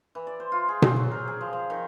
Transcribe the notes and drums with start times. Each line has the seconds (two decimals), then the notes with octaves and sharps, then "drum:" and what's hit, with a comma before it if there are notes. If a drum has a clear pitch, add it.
0.15 E3
0.27 D5
0.40 C5
0.52 F4
0.69 G#4
0.82 C4, drum: tom B2
0.96 F#3
1.11 A#4
1.28 G#4
1.41 F3
1.53 F3
1.70 D#3